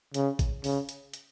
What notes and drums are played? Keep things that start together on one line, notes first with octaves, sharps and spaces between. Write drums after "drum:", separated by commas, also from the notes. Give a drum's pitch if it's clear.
C#3, drum: hi-hat
drum: kick A1, hi-hat
C#3, drum: open hi-hat
drum: hi-hat
drum: hi-hat